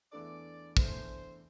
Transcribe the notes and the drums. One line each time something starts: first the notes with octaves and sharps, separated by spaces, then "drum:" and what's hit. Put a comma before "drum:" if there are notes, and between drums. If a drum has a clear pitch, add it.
E2 E3 A3 D4 A4 D5
E2 E3 A3 D4 A4 C5, drum: kick